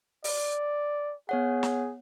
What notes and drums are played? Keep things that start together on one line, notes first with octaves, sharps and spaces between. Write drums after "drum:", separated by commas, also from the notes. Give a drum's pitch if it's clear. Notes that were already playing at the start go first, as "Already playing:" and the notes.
D5, drum: open hi-hat
B3 G#4 C#5 F#5
drum: snare